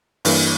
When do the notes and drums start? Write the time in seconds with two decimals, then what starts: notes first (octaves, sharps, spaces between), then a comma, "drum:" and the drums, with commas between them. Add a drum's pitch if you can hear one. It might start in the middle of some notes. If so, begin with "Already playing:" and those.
0.25 G2 E3 A#3, drum: open hi-hat